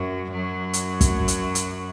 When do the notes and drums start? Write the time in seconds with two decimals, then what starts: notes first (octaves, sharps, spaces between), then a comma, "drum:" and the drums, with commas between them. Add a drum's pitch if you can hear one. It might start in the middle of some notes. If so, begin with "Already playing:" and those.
Already playing: F#2 F#3
0.33 F#2 F#3
0.73 drum: hi-hat
1.01 drum: kick, hi-hat
1.28 drum: hi-hat
1.55 drum: hi-hat